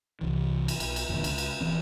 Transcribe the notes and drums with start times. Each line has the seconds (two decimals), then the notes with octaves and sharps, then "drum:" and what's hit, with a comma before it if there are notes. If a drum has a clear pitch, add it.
0.21 C2 E3
0.68 drum: cymbal
0.80 B1, drum: cymbal
0.96 drum: cymbal
1.08 F#1 E2 A#2 D3
1.24 C#2, drum: cymbal
1.38 drum: cymbal
1.60 D#1 E3 C4